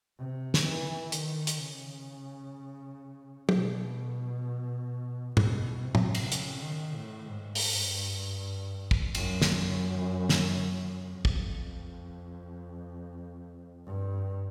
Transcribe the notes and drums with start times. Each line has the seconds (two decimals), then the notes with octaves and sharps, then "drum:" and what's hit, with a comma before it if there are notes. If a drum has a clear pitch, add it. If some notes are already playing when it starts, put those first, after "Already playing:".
0.18 C3
0.54 drum: snare
0.65 E3
1.12 D#3, drum: hi-hat
1.47 drum: hi-hat
1.59 C#3
3.49 B2, drum: tom
5.37 B2, drum: tom
5.84 C3
5.95 drum: tom
6.15 drum: cymbal
6.32 C#3, drum: hi-hat
6.62 D#3
6.94 A2
7.26 G#2
7.55 drum: open hi-hat
7.72 G2
8.91 drum: kick
9.15 F#2, drum: cymbal
9.42 drum: snare
10.29 drum: snare
11.03 F2
11.25 drum: kick
13.86 G2